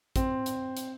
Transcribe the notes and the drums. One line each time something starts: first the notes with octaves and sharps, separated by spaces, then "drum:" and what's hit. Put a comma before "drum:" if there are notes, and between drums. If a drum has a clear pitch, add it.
C4, drum: kick, hi-hat
drum: hi-hat
drum: hi-hat